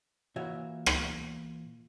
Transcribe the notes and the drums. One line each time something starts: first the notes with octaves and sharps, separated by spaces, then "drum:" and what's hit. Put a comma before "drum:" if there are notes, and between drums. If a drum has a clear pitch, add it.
A#2 E3 F#4 C#5 E5
drum: rim click